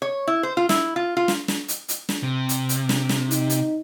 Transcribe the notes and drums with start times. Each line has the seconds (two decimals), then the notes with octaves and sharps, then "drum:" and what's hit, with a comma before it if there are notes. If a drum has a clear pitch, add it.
0.02 C#5
0.27 E4
0.43 C5
0.57 F4
0.69 E4, drum: snare
0.96 F4
1.17 F4
1.28 drum: snare
1.48 drum: snare
1.68 drum: hi-hat
1.89 drum: hi-hat
2.09 drum: snare
2.23 C3
2.49 drum: hi-hat
2.69 drum: hi-hat
2.89 drum: snare
3.09 drum: snare
3.31 D#4, drum: hi-hat
3.50 drum: hi-hat